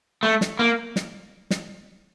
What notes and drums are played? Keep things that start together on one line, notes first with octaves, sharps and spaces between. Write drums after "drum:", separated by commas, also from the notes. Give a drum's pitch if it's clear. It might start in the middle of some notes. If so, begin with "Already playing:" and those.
A3
drum: snare
A#3
drum: snare
drum: snare